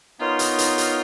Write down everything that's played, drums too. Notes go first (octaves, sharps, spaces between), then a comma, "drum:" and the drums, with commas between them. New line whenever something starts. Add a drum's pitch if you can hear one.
B3 D#4 F4 A#4 C#5
drum: hi-hat
drum: hi-hat
drum: hi-hat